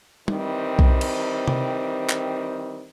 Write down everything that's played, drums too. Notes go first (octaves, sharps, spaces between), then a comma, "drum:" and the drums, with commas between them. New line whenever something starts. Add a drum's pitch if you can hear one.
D#3 E3 G3 C4, drum: tom G3
drum: kick B1
drum: cymbal
drum: tom C3
drum: clap